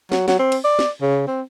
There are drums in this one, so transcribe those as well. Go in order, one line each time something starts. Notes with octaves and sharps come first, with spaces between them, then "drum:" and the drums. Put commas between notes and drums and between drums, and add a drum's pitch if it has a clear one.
F#3, drum: snare
F#3, drum: snare
C4
drum: cymbal
D5
drum: snare
C#3
C4